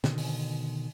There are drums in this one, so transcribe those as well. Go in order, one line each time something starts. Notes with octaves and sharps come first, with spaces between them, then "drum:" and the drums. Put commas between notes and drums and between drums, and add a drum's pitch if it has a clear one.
B2 D3 D#3, drum: snare
drum: open hi-hat